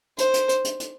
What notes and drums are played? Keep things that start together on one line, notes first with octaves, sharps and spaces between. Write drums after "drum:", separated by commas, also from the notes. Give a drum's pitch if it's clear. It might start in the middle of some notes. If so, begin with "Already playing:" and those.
C5, drum: hi-hat
drum: hi-hat
drum: hi-hat
drum: hi-hat
drum: hi-hat